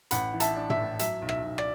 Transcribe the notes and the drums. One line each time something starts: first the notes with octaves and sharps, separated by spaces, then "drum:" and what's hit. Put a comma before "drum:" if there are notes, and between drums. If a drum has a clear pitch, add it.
A1 F#5 B5, drum: hi-hat
E3
E5 A5, drum: hi-hat
D4
E5, drum: tom
A2
F#3 E5, drum: hi-hat
B1
E5, drum: rim click
B1
D5, drum: rim click